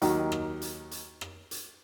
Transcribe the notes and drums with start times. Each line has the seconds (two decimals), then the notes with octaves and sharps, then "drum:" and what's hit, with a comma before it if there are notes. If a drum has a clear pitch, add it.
0.02 D#2 D#3 F#3, drum: hi-hat
0.32 drum: rim click
0.62 drum: hi-hat
0.91 drum: hi-hat
1.21 drum: rim click
1.51 drum: hi-hat